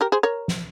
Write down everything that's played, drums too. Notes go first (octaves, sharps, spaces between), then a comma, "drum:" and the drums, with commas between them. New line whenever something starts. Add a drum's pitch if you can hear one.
G4 A#4
G#4 C5
A#4 C#5
drum: snare